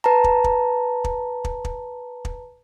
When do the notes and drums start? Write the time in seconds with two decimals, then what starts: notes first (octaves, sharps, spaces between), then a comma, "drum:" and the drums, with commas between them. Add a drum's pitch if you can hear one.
0.04 B4 A5 A#5
0.24 drum: kick
0.44 drum: kick
1.04 drum: kick
1.45 drum: kick
1.65 drum: kick
2.25 drum: kick